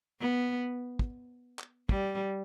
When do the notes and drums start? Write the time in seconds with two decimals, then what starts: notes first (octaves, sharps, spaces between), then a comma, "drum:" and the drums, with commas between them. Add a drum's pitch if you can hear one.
0.21 B3
0.99 drum: kick
1.59 drum: clap
1.89 G3, drum: kick